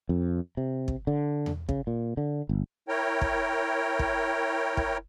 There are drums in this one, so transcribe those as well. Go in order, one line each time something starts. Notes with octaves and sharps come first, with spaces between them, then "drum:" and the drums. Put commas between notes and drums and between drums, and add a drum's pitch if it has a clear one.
F2
C3
drum: kick
D3
drum: tom E2
C#3, drum: kick
A#2
D3
G1
E4 A#4 C#5 G5
drum: kick
drum: kick
drum: kick